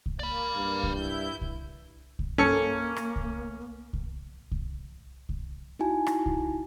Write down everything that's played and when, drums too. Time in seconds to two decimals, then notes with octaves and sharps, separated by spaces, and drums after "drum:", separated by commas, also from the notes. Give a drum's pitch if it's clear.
0.06 drum: kick C2
0.19 A#3 D5 B5
0.56 G2
0.83 drum: kick C2
0.95 E4 G6
1.41 drum: kick C2
2.19 drum: kick C2
2.38 G1 A#3 C#4 A4 C#7
2.96 drum: rim click
3.16 drum: kick C2
3.93 drum: kick C2
4.52 drum: kick C2
5.29 drum: kick C2
5.79 D#4 E4 F#4 G#5 A5
6.07 drum: rim click
6.26 drum: kick C2